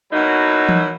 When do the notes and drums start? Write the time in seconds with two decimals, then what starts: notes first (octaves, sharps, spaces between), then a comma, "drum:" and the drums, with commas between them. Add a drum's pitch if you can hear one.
0.12 B2 F#3 A#3 D#4 E4
0.69 drum: tom E3